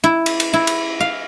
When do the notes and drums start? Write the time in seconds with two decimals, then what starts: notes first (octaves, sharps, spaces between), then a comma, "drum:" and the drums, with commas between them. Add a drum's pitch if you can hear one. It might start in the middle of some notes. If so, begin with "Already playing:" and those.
0.04 E4
0.26 drum: cymbal
0.40 drum: cymbal
0.54 E4
0.67 drum: cymbal
1.00 F5